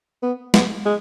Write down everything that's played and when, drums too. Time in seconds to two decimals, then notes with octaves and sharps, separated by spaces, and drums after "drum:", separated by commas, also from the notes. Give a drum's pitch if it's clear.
0.23 B3
0.54 B3, drum: snare
0.85 G#3